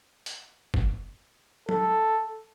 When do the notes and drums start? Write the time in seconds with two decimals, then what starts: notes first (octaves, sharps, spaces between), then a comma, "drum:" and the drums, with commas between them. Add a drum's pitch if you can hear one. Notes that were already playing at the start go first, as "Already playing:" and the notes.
0.26 drum: hi-hat
0.74 drum: kick
1.69 A4, drum: tom F#3